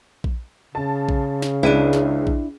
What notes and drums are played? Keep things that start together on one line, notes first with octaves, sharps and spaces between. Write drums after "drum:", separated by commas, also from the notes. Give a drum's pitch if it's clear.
drum: kick A#1
C#3 A5
drum: kick A#1
drum: snare
C#2 D4 E4 D#7
drum: snare
drum: kick A#1